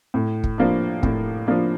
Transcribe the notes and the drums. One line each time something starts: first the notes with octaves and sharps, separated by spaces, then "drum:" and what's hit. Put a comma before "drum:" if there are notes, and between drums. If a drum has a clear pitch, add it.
A2
drum: kick
F3 A#3 D4
A2, drum: kick
F3 A#3 D4